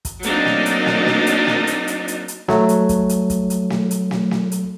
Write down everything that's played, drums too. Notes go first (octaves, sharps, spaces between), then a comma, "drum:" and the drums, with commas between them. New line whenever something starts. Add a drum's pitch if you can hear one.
drum: kick, hi-hat
F#3 A#3 C4 D4 D#4, drum: hi-hat
drum: snare
drum: hi-hat
drum: snare
drum: snare
drum: hi-hat
drum: snare
drum: hi-hat
drum: hi-hat
drum: hi-hat
drum: hi-hat
F#3 A3, drum: snare
drum: hi-hat
drum: kick, hi-hat
drum: hi-hat
drum: kick, hi-hat
drum: hi-hat
drum: snare
drum: hi-hat
drum: snare
drum: snare
drum: hi-hat